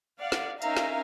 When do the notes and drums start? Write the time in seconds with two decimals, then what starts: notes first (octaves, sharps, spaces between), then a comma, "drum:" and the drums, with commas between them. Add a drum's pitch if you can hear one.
0.20 D5 F5 F#5
0.32 drum: snare
0.62 C#4 D#4 A#4 E5 F5 A#5, drum: hi-hat
0.77 drum: snare